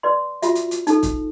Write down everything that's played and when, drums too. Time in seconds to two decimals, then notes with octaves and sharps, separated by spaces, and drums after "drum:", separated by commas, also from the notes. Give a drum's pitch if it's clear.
0.03 B4 D5 C6
0.42 F4 F#4 E5, drum: hi-hat
0.55 drum: hi-hat
0.71 drum: hi-hat
0.87 D#4 A4, drum: hi-hat
1.03 drum: kick, hi-hat